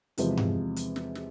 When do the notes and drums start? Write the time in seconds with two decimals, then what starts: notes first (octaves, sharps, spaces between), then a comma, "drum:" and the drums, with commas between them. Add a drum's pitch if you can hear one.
0.18 E2 C3 F3 G#3, drum: hi-hat
0.37 drum: tom G2
0.76 drum: hi-hat
0.96 drum: snare
1.15 drum: snare